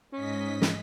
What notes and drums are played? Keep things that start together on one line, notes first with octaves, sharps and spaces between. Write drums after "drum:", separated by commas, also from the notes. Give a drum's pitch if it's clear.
G#2 C#4 D#5 B6
drum: snare